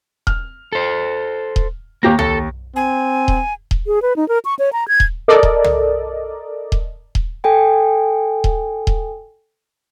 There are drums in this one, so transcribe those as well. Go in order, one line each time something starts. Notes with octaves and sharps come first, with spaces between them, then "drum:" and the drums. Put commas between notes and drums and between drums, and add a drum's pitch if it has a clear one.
F6, drum: kick D#1
A4 C5
drum: kick D#1
D#2 A#3 G4 A#6
D#2 A4, drum: tom
C4 G#5
drum: kick D#1
drum: kick D#1
G#4
B4
D#4
A#4
C#6
C#5
A#5
G#6
drum: kick D#1
A4 A#4 D5 D#5
drum: kick D#1
drum: tom
drum: kick D#1
drum: kick D#1
A4 G5 G#5
drum: kick D#1
drum: kick D#1